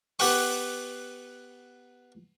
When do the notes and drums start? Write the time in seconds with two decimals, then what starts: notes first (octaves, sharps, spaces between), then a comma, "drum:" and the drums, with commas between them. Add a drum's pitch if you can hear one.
0.19 B3 G4 F#5 G5 C#6, drum: open hi-hat